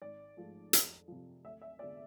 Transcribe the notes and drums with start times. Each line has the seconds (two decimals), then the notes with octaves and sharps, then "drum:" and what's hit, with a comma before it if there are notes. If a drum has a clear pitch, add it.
0.01 G#1 D5
0.37 G#2 F3 A3
0.73 F2, drum: hi-hat
1.08 C3 F3
1.44 D2 E5
1.62 E5
1.79 D3 G#3 B3 F4 D5